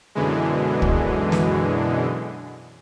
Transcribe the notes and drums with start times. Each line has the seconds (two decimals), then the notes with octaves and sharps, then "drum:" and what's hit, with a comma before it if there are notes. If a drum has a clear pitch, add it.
0.15 F#2 B2 D3 E3 G#3
0.82 drum: kick
1.32 drum: snare